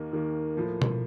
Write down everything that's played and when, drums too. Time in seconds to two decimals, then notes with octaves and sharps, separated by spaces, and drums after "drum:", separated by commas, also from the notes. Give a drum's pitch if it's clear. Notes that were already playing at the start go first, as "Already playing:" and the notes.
Already playing: D#2 D#3 A#3
0.13 D#2 D#3 A#3
0.55 A2 F3 A#3
0.82 drum: tom B2